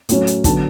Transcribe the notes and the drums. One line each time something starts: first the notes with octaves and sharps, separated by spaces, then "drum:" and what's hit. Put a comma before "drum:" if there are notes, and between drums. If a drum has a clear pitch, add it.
A2 F#3 C#4, drum: hi-hat
drum: hi-hat
D3 F#3 B3 A5, drum: kick, hi-hat